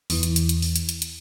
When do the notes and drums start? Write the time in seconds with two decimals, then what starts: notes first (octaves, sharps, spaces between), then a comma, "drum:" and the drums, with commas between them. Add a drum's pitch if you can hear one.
0.10 E2 E3, drum: open hi-hat
0.23 drum: hi-hat
0.36 drum: hi-hat
0.49 drum: hi-hat
0.62 drum: open hi-hat
0.76 drum: hi-hat
0.89 drum: hi-hat
1.02 drum: hi-hat